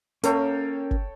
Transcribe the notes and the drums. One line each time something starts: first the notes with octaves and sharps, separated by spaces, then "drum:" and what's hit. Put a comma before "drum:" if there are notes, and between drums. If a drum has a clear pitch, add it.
A#3 C#4 A4 A#4 C#5 G5, drum: hi-hat
drum: kick G1